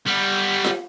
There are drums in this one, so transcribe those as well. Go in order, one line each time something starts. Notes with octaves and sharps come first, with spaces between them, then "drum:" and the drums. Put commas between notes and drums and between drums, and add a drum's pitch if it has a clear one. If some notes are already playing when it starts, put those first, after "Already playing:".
G3 B3
drum: snare F4